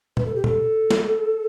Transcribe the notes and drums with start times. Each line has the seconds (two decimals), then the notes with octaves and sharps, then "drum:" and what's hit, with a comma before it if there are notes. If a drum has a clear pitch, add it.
0.17 B4, drum: tom
0.26 A4
0.35 G4
0.44 A4, drum: tom
0.91 drum: snare